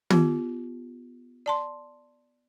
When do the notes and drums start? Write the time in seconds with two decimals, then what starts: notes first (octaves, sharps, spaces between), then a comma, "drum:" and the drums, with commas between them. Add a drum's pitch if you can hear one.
0.10 B3 F4 G4, drum: tom
1.46 D5 A5 C6